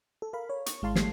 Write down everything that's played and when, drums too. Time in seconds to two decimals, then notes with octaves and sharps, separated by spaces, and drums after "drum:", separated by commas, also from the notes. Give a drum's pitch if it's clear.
0.22 A4
0.33 A#4 F5 B5
0.50 C#5
0.66 C#6, drum: hi-hat
0.82 G#1 G#3 E4 F5 A5 C6
0.95 G3 A3 G4 C7, drum: snare